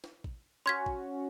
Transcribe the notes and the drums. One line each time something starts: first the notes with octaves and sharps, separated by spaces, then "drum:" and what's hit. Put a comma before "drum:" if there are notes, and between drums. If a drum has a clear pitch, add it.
drum: snare
drum: kick
C#4 F#4 C6 G#6 B6
drum: kick